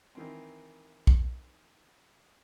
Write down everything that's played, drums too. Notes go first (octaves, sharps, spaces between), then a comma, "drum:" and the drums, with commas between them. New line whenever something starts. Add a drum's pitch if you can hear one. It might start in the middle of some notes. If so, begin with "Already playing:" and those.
D#3 E3 C4
drum: kick